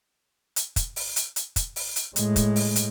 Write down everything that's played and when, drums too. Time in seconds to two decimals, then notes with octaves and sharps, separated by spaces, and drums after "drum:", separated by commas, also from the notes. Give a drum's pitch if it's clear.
0.56 drum: hi-hat
0.76 drum: kick, hi-hat
0.96 drum: open hi-hat
1.16 drum: hi-hat
1.36 drum: hi-hat
1.56 drum: kick, hi-hat
1.76 drum: open hi-hat
1.96 drum: hi-hat
2.16 A2 G#3, drum: hi-hat
2.36 drum: kick, hi-hat
2.56 drum: open hi-hat
2.76 drum: hi-hat